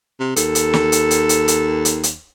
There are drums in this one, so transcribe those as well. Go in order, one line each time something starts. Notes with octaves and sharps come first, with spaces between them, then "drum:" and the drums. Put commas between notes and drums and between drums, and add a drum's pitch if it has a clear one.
C3
D#2 A4, drum: hi-hat
drum: hi-hat
drum: snare
drum: hi-hat
drum: hi-hat
drum: hi-hat
drum: hi-hat
drum: hi-hat
drum: hi-hat